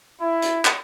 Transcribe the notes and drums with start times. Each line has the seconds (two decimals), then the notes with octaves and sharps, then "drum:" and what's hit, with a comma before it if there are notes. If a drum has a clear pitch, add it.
0.20 E4
0.42 drum: hi-hat
0.65 drum: clap